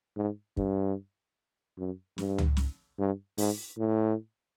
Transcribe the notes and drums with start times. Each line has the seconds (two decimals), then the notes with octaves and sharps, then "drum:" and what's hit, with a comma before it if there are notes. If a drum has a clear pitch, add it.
0.17 G#2
0.57 G2, drum: kick
1.78 F#2
2.18 G2, drum: snare
2.38 drum: tom C#2
2.57 drum: snare
2.99 G2
3.38 G#2, drum: open hi-hat
3.78 A2